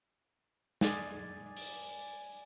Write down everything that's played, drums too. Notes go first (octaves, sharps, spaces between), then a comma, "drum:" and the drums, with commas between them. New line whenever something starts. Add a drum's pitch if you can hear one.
G#4 D5, drum: snare
drum: open hi-hat